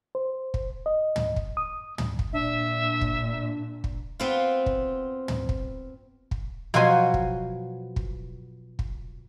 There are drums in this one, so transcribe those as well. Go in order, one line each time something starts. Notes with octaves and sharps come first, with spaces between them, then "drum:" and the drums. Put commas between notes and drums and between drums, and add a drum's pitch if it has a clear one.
C5
drum: kick
D#5
drum: tom
drum: kick
D#6
drum: tom
drum: kick
A#2 D4 E5
drum: kick
drum: kick
B3 C4 F4
drum: kick
drum: tom
drum: kick
drum: kick
B2 F3 F#3 F#4 C5 G#5
drum: kick
drum: kick
drum: kick